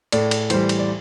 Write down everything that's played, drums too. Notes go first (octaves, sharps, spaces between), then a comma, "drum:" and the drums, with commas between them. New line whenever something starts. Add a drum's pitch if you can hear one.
A2 D5, drum: cymbal
drum: cymbal
E3 G3 C5, drum: cymbal
drum: cymbal
D5